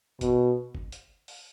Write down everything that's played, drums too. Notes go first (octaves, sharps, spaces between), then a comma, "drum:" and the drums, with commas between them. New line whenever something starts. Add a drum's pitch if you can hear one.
B2, drum: kick G1, hi-hat
drum: kick G1
drum: hi-hat
drum: open hi-hat